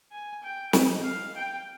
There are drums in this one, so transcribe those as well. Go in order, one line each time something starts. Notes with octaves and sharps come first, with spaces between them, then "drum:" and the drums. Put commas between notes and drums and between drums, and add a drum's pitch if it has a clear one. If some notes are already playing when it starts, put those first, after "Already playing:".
G#5
G5
D#5, drum: snare
F5
G5